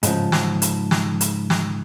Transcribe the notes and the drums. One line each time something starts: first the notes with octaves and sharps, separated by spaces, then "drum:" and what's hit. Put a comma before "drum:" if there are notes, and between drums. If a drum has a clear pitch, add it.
G#2 C#3 F3, drum: hi-hat
drum: snare
drum: hi-hat
drum: snare
drum: hi-hat
drum: snare